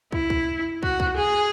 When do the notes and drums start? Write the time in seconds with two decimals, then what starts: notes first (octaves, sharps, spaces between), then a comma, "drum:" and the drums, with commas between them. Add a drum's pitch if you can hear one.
0.12 E4, drum: kick
0.30 drum: kick
0.83 F#4, drum: kick
1.00 drum: kick
1.17 G#4